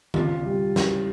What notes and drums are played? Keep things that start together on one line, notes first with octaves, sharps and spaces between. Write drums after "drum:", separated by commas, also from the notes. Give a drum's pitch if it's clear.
C#2 F4, drum: tom D#3
G3
E3, drum: snare